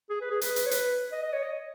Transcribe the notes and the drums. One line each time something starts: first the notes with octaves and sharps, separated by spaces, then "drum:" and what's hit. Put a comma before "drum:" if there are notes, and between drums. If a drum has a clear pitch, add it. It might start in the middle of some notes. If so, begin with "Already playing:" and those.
G#4
B4
G#4
B4, drum: hi-hat
drum: hi-hat
C#5
B4, drum: hi-hat
D#5
D#5
C#5
D#5